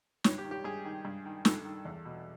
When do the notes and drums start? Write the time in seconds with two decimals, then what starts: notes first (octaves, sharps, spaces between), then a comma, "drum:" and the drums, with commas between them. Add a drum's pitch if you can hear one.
0.24 G2 C#5, drum: snare
0.38 G4
0.44 D#3
0.51 G4
0.64 G2 G#4
0.85 D#3
1.05 G2
1.25 D#3
1.45 G2 A4, drum: snare
1.65 D#3
1.85 E2
2.05 B2